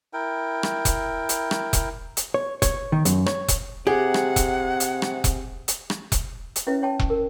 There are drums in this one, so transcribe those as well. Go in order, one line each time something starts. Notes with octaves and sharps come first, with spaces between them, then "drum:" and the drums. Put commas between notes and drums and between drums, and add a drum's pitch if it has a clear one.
E4 A#4 G5
drum: rim click
drum: kick E1, hi-hat
drum: hi-hat
drum: rim click
drum: kick E1, hi-hat
drum: hi-hat
C#5
C#5, drum: kick E1, hi-hat
D#3
F#2, drum: hi-hat
C#5, drum: rim click
drum: kick E1, hi-hat
C3 G4 G#4 F#5
drum: rim click
drum: kick E1, hi-hat
drum: hi-hat
drum: rim click
drum: kick E1, hi-hat
drum: hi-hat
drum: rim click
drum: kick E1, hi-hat
drum: hi-hat
C#4 E4 B4 C#5 E5
C#5 G5 A5
drum: kick E1
A#4